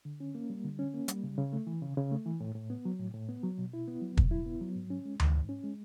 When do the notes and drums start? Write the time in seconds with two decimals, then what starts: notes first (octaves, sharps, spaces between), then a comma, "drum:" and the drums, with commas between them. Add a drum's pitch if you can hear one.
0.05 D3
0.20 C#4
0.35 A#3
0.50 G3
0.64 D3
0.79 C#4
0.94 A#3
1.08 G3, drum: hi-hat
1.23 C#3
1.38 C#3
1.53 A3
1.67 E3
1.82 C#3
1.97 C#3
2.11 A3
2.26 E3
2.40 A2
2.55 A2
2.70 B3
2.85 F#3
2.99 A2
3.14 A2
3.28 B3
3.43 F#3
3.58 B2
3.73 E4
3.87 B3
4.02 F#3
4.17 B2, drum: kick
4.31 E4
4.46 B3
4.61 F#3
4.75 G#2
4.90 C#4
5.05 G#3
5.20 D#3, drum: tom D2
5.34 G#2
5.49 C#4
5.63 G#3